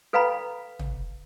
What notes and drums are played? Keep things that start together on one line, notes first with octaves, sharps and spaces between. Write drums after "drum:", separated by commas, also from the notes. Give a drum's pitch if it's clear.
A4 B4 F5 G5 A#5 B5
drum: tom